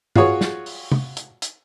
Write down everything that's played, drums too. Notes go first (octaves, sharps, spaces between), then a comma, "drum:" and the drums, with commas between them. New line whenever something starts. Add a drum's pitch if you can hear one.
F4 F#4 G#4 C#5, drum: tom G2
drum: snare
drum: open hi-hat
drum: tom C3
drum: hi-hat
drum: hi-hat